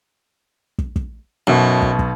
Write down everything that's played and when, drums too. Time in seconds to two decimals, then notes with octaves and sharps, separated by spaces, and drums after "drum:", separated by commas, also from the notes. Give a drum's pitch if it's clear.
0.78 drum: kick
0.96 drum: kick
1.47 B1 F#2 B2
1.82 drum: kick
1.99 drum: kick